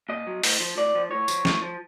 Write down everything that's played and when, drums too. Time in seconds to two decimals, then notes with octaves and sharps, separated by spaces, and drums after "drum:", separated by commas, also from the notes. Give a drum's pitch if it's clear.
0.09 A#2 D#5
0.27 F#3
0.43 A2, drum: open hi-hat
0.60 F3
0.77 A2 D5
0.95 F3
1.11 A2 C#5
1.28 F3, drum: tambourine
1.45 A2, drum: snare
1.62 F3